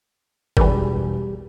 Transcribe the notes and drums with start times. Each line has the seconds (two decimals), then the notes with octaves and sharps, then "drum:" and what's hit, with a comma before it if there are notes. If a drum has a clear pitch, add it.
0.57 E1 D#3 E3 G3 G#4 B5, drum: kick